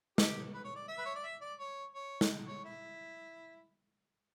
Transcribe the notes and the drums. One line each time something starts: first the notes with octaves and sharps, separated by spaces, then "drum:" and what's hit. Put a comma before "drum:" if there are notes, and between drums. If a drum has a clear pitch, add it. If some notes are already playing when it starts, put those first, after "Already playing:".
G4, drum: snare
B4
C#5
D5
E5
B4
C#5
D5
E5
D5
C#5
C#5
drum: snare
C#5
E4